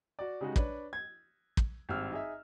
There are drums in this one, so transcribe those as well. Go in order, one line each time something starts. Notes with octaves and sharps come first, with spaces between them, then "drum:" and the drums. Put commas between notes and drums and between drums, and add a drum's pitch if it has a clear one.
F#4 D5
C#3 G3 G#3 D#4 F#4
D4 B4 C#5, drum: kick
G#6
drum: kick
G#1 G2 C4 E6 F6
D#4 G#4 E5